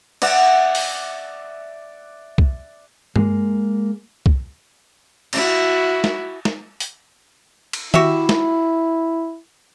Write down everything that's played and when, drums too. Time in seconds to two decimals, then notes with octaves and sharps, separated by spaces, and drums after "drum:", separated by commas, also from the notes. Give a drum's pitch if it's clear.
0.22 D5 E5 F#5, drum: cymbal
0.75 drum: open hi-hat
2.38 drum: kick
3.16 G#3 A#3, drum: tom G2
4.26 drum: kick
5.33 E4 F#4, drum: cymbal
6.04 drum: snare
6.45 drum: snare
6.80 drum: hi-hat
7.73 drum: cymbal
7.94 E4 F#4 G4 E5, drum: tom D#3
8.29 drum: snare